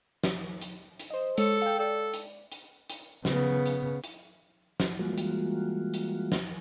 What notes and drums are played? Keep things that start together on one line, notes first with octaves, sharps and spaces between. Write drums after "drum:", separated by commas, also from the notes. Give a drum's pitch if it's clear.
drum: snare
drum: hi-hat
drum: hi-hat
C5 D#5
G#3 A4 C#5 C#7, drum: hi-hat
F5 G5
A4 D5
drum: hi-hat
drum: hi-hat
drum: hi-hat
C#3 B3, drum: snare
drum: hi-hat
drum: hi-hat
drum: snare
E3 G3 G#3 A#3 F4 F#4
drum: hi-hat
drum: hi-hat
drum: snare